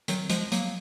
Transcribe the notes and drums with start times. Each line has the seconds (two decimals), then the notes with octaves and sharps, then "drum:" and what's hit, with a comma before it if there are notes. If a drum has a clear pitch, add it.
0.08 D#3 F#3, drum: hi-hat
0.30 F3 G#3, drum: hi-hat
0.52 F#3 A#3, drum: hi-hat